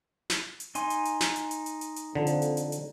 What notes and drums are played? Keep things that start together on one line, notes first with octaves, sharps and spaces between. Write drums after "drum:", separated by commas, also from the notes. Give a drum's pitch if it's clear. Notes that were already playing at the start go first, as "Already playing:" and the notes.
drum: snare
drum: hi-hat
D#4 G#5 C6, drum: hi-hat
drum: hi-hat
drum: hi-hat
drum: snare
drum: hi-hat
drum: hi-hat
drum: hi-hat
drum: hi-hat
drum: hi-hat
F2 D3
drum: hi-hat
drum: hi-hat
drum: hi-hat
drum: hi-hat